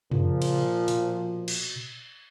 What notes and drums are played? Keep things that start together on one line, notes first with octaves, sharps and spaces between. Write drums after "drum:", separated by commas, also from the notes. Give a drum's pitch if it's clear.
A#2 C#3 F3, drum: tom
drum: cymbal
B2, drum: hi-hat
drum: cymbal